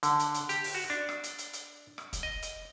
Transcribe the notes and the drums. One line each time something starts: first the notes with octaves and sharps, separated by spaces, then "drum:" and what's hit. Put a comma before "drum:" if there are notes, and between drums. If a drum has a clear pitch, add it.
D3, drum: hi-hat
drum: hi-hat
drum: hi-hat
G4, drum: hi-hat
drum: open hi-hat
F#4
D4
drum: rim click
drum: hi-hat
drum: hi-hat
drum: hi-hat
drum: rim click
drum: kick, hi-hat
D#5
drum: hi-hat